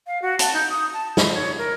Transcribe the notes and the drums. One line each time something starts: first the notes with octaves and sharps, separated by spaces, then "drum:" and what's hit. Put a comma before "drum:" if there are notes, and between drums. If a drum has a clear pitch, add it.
F5
F#4
A5, drum: hi-hat
D#4
D#6
A5
B5, drum: snare
C#5
A#4